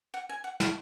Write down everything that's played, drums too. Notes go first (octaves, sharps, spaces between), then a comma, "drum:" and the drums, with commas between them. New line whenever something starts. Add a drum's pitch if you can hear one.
F#5
G#5
F#5
A5, drum: snare